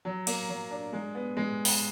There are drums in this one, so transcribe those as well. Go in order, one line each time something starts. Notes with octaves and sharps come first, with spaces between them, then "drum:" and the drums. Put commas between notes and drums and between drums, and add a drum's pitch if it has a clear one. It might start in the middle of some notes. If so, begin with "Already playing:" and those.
F#3
A#3, drum: cymbal
F#3
D4
G#3
B3
G#3
drum: open hi-hat